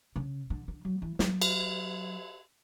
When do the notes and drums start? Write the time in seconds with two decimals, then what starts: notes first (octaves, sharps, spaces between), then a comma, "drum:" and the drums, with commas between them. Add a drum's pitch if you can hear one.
0.16 C#3
0.50 D3
0.68 D3
0.85 F#3
1.02 E3
1.19 F#3, drum: snare
1.42 drum: cymbal